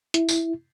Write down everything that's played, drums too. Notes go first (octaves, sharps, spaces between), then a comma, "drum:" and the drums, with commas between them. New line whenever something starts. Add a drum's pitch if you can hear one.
E4, drum: hi-hat
drum: tambourine